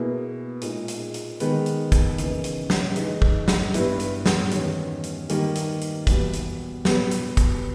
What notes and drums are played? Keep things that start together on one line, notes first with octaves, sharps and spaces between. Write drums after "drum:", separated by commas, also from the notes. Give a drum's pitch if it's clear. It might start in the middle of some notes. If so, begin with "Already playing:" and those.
Already playing: B2 A#3 E4 G#4
A#2 G#3 D#4 G#4, drum: hi-hat
drum: hi-hat
drum: hi-hat
D#3 G#3 B3, drum: hi-hat
drum: hi-hat
drum: kick, hi-hat
C#3 E3 A#3 D#4, drum: hi-hat
drum: hi-hat
drum: snare
E3 G#3 D#4 G#4, drum: hi-hat
drum: kick
drum: snare
G2 G3 B3 E4, drum: hi-hat
drum: hi-hat
drum: snare
E2 D#3 G3 C#4, drum: hi-hat
drum: hi-hat
D#3 G3 A#3, drum: hi-hat
drum: hi-hat
drum: hi-hat
E2 B2 G3 B3, drum: kick, hi-hat
drum: hi-hat
B2 G3 B3 G4, drum: snare
drum: hi-hat
drum: kick, hi-hat